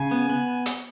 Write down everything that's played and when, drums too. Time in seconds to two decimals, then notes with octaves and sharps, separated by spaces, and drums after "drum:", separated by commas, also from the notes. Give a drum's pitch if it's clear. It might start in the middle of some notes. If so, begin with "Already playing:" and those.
Already playing: C#3 G#5
0.11 B3
0.29 B3
0.66 drum: hi-hat